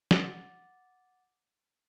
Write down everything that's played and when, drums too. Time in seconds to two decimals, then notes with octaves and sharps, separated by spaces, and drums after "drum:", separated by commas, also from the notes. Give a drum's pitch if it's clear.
0.11 F#5 D6 A6, drum: snare